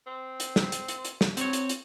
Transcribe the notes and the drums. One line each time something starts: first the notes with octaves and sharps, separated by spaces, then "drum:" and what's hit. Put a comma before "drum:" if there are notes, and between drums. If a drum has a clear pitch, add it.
C4
drum: hi-hat
drum: snare
drum: hi-hat
drum: hi-hat
drum: hi-hat
drum: snare
F#3 C4 C#5, drum: hi-hat
drum: hi-hat
drum: hi-hat